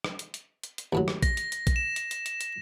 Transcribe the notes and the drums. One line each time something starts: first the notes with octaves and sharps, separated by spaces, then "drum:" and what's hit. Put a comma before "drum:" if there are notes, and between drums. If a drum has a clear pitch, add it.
drum: rim click
drum: hi-hat
drum: hi-hat
drum: hi-hat
drum: hi-hat
D#2 A2 F#3
drum: rim click
A#6, drum: kick A#1, hi-hat
drum: hi-hat
drum: hi-hat
drum: kick A#1, hi-hat
E7
drum: hi-hat
drum: hi-hat
drum: hi-hat
drum: hi-hat